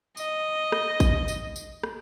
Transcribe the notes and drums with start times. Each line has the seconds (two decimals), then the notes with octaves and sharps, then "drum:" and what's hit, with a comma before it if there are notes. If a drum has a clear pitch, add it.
0.17 D#5, drum: tambourine
0.72 drum: rim click
1.00 drum: kick A1, tambourine
1.28 drum: tambourine
1.56 drum: tambourine
1.83 drum: rim click